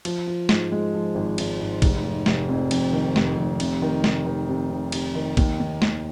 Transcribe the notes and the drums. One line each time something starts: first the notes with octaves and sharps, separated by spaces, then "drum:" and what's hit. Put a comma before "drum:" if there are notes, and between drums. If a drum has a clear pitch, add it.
F3, drum: cymbal
F3
G#2, drum: snare
G#3
F3
G#1
G#1, drum: cymbal
G#2
F1, drum: kick, cymbal
F1
F1, drum: snare
F2
F2, drum: cymbal
D#3
F1, drum: snare
F1
C3, drum: cymbal
D#3
C3, drum: snare
D#3
C3
C3
C3, drum: cymbal
D#3
D#2, drum: kick, cymbal
D#2
D#2, drum: snare